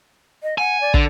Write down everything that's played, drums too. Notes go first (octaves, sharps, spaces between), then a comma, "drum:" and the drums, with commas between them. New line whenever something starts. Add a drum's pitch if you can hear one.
D#5
F#5 G#5
D5
D3, drum: kick